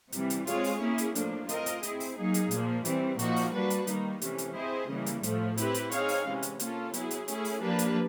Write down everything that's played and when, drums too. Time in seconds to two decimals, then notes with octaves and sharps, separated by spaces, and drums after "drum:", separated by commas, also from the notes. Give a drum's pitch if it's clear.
0.12 C3 E3 G3, drum: hi-hat
0.30 drum: hi-hat
0.47 G#3 C4 F4 G#4 C#5, drum: hi-hat
0.64 drum: open hi-hat
0.81 A#3 C#4 E4 G#4
0.98 drum: hi-hat
1.15 A2 F3 A#3 D4, drum: hi-hat
1.49 C4 F4 A#4 D#5, drum: hi-hat
1.66 drum: hi-hat
1.83 C4 E4 G#4, drum: hi-hat
2.00 drum: open hi-hat
2.18 F#3 A#3 D#4 G#4
2.34 drum: hi-hat
2.51 A#2 F3 A#3, drum: hi-hat
2.85 E3 G3 C4, drum: hi-hat
3.19 A#2 F3 A#3 D#4 F#4, drum: hi-hat
3.36 drum: open hi-hat
3.53 G3 A#3 D4 F#4 B4
3.70 drum: hi-hat
3.87 D#3 G3 A#3 D#4, drum: hi-hat
4.22 C3 E3 A3 C#4, drum: hi-hat
4.38 drum: hi-hat
4.56 C4 E4 G#4 C5 D#5
4.89 C#3 E3 G3 A#3
5.06 drum: hi-hat
5.23 A2 F3 A3, drum: hi-hat
5.57 C4 E4 G4 B4, drum: hi-hat
5.74 drum: hi-hat
5.91 C4 D#4 G#4 C#5 F5, drum: hi-hat
6.08 drum: open hi-hat
6.26 C3 E3 G#3 C#4
6.43 drum: hi-hat
6.59 A#3 C#4 F4 A4, drum: hi-hat
6.94 F#3 B3 E4 G#4, drum: hi-hat
7.11 drum: hi-hat
7.28 A3 C#4 E4 G#4, drum: hi-hat
7.45 drum: open hi-hat
7.61 F3 A#3 D4 G4 B4
7.79 drum: hi-hat